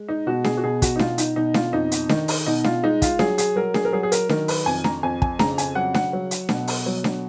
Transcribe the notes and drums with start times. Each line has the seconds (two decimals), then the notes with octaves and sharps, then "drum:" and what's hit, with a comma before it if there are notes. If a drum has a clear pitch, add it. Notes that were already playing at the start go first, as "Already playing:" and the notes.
Already playing: G#3
0.09 D#4
0.27 B2 F#4
0.44 G#4, drum: snare D4
0.57 F#4
0.64 B2 G#4
0.82 F#4, drum: kick, hi-hat
0.96 D#4
0.99 B2 F4, drum: snare D4
1.18 D#4, drum: hi-hat
1.36 B2 D#4
1.54 F4, drum: snare D4
1.73 F2 D#4
1.92 drum: hi-hat
2.09 D#3 D#4, drum: snare D4
2.28 drum: open hi-hat
2.46 B2 D#4
2.64 F4, drum: snare D4
2.83 G#3 D#4
3.02 F4, drum: kick, hi-hat
3.19 F#3 G#4, drum: snare D4
3.38 G#4, drum: hi-hat
3.56 F#3 A#4
3.74 G#4, drum: snare D4
3.85 A#4
3.93 F#3 G#4
4.03 G#4
4.12 A#4, drum: hi-hat
4.29 D#3 A#4, drum: snare D4
4.48 B4, drum: open hi-hat
4.66 F2 G#5
4.84 A#5, drum: snare D4
5.03 F2 G#5
5.22 G#5, drum: kick
5.39 C#3 A#5, drum: snare D4
5.58 G#5, drum: hi-hat
5.75 F#3 F#5
5.94 F#5, drum: snare D4
6.13 F#3
6.31 drum: hi-hat
6.49 B2, drum: snare D4
6.68 drum: open hi-hat
6.86 F#3
7.04 drum: snare D4